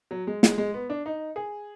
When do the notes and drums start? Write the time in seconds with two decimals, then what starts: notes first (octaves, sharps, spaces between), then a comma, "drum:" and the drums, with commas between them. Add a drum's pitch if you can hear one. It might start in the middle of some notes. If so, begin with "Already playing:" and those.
0.11 F#3
0.27 G#3
0.43 G#3, drum: snare
0.58 G#3
0.74 B3
0.90 D4
1.06 D#4
1.36 G#4